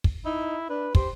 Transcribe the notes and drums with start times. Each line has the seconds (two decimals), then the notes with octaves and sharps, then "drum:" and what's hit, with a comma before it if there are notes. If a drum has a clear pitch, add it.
0.04 drum: kick
0.25 D#4 E4
0.70 D4 B4
0.95 G4 C5, drum: kick